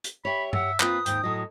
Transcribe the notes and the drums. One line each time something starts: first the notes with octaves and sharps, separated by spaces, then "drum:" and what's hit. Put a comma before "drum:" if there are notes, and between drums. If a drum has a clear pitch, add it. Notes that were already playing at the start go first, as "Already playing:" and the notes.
drum: hi-hat
G4 C#5 E5 B5
E5 F#5, drum: tom G2
A#3 C4 F4 B4 D#6, drum: clap
D#2 G#2 G5, drum: hi-hat
A2 F#3 D#5